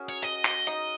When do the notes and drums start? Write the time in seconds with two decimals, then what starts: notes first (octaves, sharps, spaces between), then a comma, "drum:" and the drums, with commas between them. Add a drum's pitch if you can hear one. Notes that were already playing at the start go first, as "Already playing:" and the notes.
Already playing: C#4 F#4 G#4 A#4
0.09 C#5
0.23 D#5, drum: hi-hat
0.45 drum: clap
0.67 D#4, drum: hi-hat